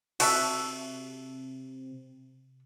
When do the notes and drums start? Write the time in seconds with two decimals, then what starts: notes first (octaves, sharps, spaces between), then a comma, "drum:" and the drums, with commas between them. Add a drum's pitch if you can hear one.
0.20 C3 F#4 A4 E5, drum: cymbal